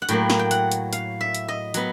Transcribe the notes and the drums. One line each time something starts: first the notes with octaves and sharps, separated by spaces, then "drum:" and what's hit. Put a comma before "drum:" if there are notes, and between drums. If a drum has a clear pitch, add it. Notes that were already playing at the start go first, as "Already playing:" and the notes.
F#5
A2 F#3 A#3 G5, drum: hi-hat
drum: snare
G5
F#5, drum: hi-hat
drum: hi-hat
F5, drum: hi-hat
E5
drum: hi-hat
D#5
F#3 B3, drum: hi-hat